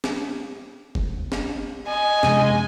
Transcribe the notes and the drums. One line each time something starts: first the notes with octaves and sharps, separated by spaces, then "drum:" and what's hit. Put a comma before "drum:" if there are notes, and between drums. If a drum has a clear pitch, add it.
drum: snare C4
drum: kick
drum: snare C4
D#5 G#5
F#2 C3 F3 G#3, drum: snare C4